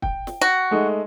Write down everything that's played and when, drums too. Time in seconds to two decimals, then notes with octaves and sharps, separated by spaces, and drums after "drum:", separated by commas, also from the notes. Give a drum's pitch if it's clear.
0.02 G5, drum: kick
0.27 drum: snare
0.41 F#4
0.71 G#3 A3 D#4